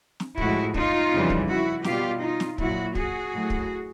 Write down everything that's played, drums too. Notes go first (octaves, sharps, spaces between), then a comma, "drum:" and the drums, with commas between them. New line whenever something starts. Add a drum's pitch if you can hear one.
drum: snare
A2 F3 G#3 E4 F#4, drum: kick
D#4 F4, drum: kick
F2 C#3 E3 G3
drum: kick
E4 F#4
B2 G3 F4 G4, drum: snare
D#4 F4
drum: snare
A#2 F#3 E4 F#4, drum: kick
F#4 G#4, drum: kick
A2 F#3
drum: kick